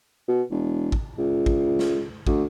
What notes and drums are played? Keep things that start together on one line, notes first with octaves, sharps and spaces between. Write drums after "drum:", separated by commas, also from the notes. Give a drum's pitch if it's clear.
B2
E1
drum: kick
C#2
drum: kick
drum: snare
D2, drum: kick